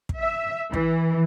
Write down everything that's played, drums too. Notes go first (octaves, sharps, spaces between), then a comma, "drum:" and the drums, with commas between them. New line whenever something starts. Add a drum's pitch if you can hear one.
drum: kick
E5
E3, drum: kick